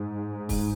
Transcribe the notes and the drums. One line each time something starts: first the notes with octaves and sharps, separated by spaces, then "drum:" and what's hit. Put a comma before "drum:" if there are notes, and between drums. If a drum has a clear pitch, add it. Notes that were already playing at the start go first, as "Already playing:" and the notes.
Already playing: G#2
drum: kick, open hi-hat